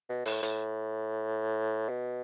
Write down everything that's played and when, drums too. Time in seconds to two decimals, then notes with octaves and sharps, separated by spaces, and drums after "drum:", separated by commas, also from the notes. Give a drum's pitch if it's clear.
0.09 B2
0.25 A2, drum: open hi-hat
0.43 A2, drum: hi-hat
1.89 B2